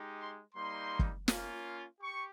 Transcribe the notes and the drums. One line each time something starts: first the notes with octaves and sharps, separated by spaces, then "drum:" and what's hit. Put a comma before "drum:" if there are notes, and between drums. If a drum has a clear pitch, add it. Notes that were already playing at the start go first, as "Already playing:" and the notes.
Already playing: G#3 D#4 G4
C6
G3 A#3 D#4 C6
drum: kick
A#3 C#4 F4, drum: snare
G4 C#6